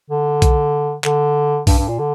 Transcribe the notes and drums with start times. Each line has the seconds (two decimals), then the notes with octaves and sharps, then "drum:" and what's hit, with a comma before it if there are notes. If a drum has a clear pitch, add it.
0.10 D3
0.42 drum: kick B1, hi-hat
1.04 D3, drum: clap
1.67 G2, drum: kick B1, open hi-hat
1.78 G2
1.88 A#2
1.99 D3